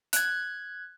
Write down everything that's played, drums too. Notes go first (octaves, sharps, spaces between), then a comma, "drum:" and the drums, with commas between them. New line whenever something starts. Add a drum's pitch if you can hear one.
F#6 G#6, drum: hi-hat